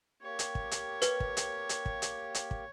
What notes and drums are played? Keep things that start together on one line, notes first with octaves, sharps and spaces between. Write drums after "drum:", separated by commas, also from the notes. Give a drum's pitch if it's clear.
A#3 G4 C#5
drum: hi-hat
drum: kick
drum: hi-hat
B4, drum: hi-hat
drum: kick
drum: hi-hat
drum: hi-hat
drum: kick
drum: hi-hat
drum: hi-hat
drum: kick